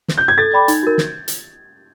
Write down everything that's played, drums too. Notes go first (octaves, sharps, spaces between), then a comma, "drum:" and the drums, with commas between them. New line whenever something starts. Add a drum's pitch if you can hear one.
drum: snare
G6
G#6
A4 A6
D5 G5 B5 D6
D#4, drum: hi-hat
F#4 A#4
drum: snare
drum: hi-hat